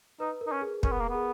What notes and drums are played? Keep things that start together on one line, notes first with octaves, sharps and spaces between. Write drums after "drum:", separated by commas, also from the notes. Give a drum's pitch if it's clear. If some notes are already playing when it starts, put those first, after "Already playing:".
D#4 B4
A#4
D#4
C#4
G#4
C#4 A#4, drum: kick
B3
A#3
B3
G#4